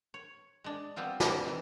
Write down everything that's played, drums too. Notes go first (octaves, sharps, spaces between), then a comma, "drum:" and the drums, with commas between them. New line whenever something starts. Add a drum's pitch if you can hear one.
C#5
G#3 D4
G3 B3 C4 F4
D4, drum: snare
C3 D#3 E3